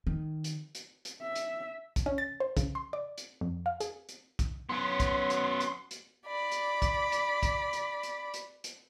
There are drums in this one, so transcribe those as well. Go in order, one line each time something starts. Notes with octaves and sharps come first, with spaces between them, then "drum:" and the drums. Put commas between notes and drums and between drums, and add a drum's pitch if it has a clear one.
D#3
drum: hi-hat
drum: hi-hat
drum: hi-hat
E5
drum: hi-hat
drum: kick, hi-hat
C#4
A6
C5
C#3, drum: kick, hi-hat
C6
D5
drum: hi-hat
F2
F5
G#4, drum: hi-hat
drum: hi-hat
drum: kick, hi-hat
F#3 B3 C#4 C6
drum: kick, hi-hat
drum: hi-hat
drum: hi-hat
drum: hi-hat
D5 B5
drum: hi-hat
drum: kick, hi-hat
drum: hi-hat
drum: kick, hi-hat
drum: hi-hat
drum: hi-hat
drum: hi-hat
drum: hi-hat